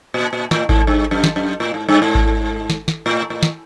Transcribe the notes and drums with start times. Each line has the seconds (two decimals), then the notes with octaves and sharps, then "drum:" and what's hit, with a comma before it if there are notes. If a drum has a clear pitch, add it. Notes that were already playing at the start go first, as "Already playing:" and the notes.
0.14 A#2
0.33 A#2
0.51 A2, drum: snare
0.69 G#2, drum: kick G#1
0.87 G2
1.11 F#2
1.24 drum: snare
1.36 F#2
1.60 A2
1.74 G#2
1.88 G2
2.02 G#2
2.15 drum: kick G#1
2.70 drum: snare
2.88 drum: snare
3.06 A2
3.30 A2
3.43 drum: snare